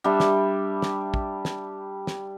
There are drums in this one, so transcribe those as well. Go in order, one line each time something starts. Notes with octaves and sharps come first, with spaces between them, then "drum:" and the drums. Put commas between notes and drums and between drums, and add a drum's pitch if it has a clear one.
G3 D4 E5
drum: snare
drum: snare
drum: kick
drum: snare
drum: snare